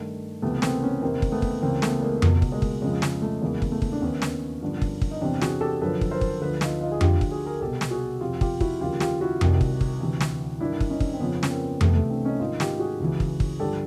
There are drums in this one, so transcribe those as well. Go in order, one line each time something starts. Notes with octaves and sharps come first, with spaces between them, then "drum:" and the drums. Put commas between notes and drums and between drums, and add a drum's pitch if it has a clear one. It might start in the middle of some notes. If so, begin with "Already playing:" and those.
Already playing: G2 D#3 A3
C#2 C3 E3 A3 B3
B3
A#3 C4, drum: snare
B3 C#4
E2 C3 D#3 A#3 C4
drum: kick
A3 B3
drum: kick
C#2 C#3 E3 A#3 C4
A3 B3, drum: snare
G#3 A#3
C#2 B2, drum: tom F2
drum: kick
G#3 A#3
drum: kick
F2 C#3 F3 G#3
G#3, drum: snare
A3
E2 C#3 E3 G#3 A#3
drum: kick
A3 B3
drum: kick
D4
D#2 D#3 B3 C#4
drum: snare
G2 D3 F3
drum: kick
drum: kick
D#4
E2 C3 E3 C4 D4
F#4 G#4, drum: snare
G4 A4
F#2 D3 F3 A4 B4
drum: kick
A#4 C5
drum: kick
D2 D3 F3 A4 B4
D#4 F4, drum: snare
D#4 F4
G#4
D2 D3 F3 F4 G4, drum: tom F2
drum: kick
F#4 G#4
G#4 A#4
C2 B2 G4 A4
drum: snare
F#4 G#4
F2 C3 F3 F4 G4
F4 G4, drum: kick
E4 F#4, drum: kick
D#2 C#3 F3 F4 G4
F4 G4, drum: snare
E4 F#4
C2 C3 D#3, drum: tom F2
drum: kick
drum: kick
D2 C3 E3
drum: snare
G2 D#3 D4 E4
drum: kick
C#4 D#4
drum: kick
C4
F2 C#3 F3 B3 C#4
C#4, drum: snare
A#3 C4
C2 C3 E3 A3 B3, drum: tom F2
A3
C4 D4
C#4 D#4
G#2 D#3 D#4 F4
F4 G4, drum: snare
F#4 G#4
C#2 C#3 E3
drum: kick
drum: kick
G2 D3 F3 G4 A4